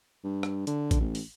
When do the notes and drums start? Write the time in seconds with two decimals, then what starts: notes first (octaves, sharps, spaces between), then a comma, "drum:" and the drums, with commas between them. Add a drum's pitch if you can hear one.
0.24 G2
0.43 drum: rim click
0.67 D3, drum: hi-hat
0.91 drum: kick, hi-hat
1.00 A1
1.15 drum: open hi-hat